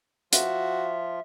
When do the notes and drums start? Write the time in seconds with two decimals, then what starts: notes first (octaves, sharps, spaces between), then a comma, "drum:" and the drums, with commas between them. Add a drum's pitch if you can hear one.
0.33 F3 F4 F#4 E5, drum: hi-hat